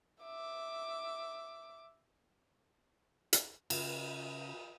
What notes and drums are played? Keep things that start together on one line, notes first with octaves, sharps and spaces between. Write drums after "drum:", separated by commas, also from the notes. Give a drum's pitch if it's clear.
E5 D6
drum: hi-hat
C#3, drum: cymbal